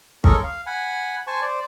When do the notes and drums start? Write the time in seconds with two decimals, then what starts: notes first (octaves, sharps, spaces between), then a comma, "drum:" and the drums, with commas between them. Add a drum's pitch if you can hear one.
0.24 G#3 C#4 A4 A#4 D#5 C#6, drum: kick
0.43 F5
0.67 F#5 G#5 B5
1.27 C5 G#5 A5 C#6
1.42 C5 D5